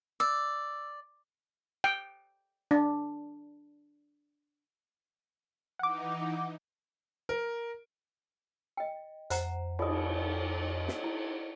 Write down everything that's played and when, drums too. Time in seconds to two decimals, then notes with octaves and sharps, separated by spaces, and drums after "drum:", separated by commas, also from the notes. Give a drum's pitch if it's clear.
0.20 D5 E6
1.84 G5
2.71 D4
5.79 E3 D#4 F#5 D6
7.29 A#4
8.77 D#5 G5
9.30 F2 C5 F#5 A#5, drum: hi-hat
9.79 F4 D#6, drum: cymbal
10.88 drum: snare
11.04 E4